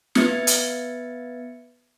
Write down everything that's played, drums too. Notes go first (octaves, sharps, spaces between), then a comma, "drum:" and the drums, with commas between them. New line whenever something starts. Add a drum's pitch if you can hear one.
B3 B4 E5 G#6 A6 C#7, drum: snare
drum: hi-hat